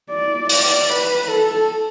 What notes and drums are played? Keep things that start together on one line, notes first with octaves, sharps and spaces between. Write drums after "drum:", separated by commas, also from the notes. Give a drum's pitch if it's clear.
D5
D5, drum: open hi-hat
B4
A4